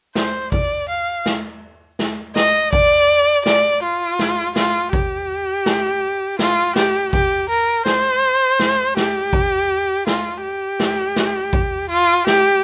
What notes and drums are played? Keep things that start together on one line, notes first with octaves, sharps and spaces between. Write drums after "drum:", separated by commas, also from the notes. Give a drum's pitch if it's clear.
C5, drum: snare
D5, drum: kick A1
F5
drum: snare
drum: snare
D#5, drum: snare
D5, drum: kick A1
D5, drum: snare
F4
drum: snare
F4, drum: snare
G4, drum: kick A1
drum: snare
F4, drum: snare
G4, drum: snare
G4, drum: kick A1
A#4
C5, drum: snare
drum: snare
G4, drum: snare
drum: kick A1
F4, drum: snare
G4
drum: snare
drum: snare
drum: kick A1
F4
G4, drum: snare